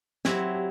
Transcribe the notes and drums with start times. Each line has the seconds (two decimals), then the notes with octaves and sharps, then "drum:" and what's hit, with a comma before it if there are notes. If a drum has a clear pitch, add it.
0.25 F#3 C4 E4 G4, drum: snare
0.55 G4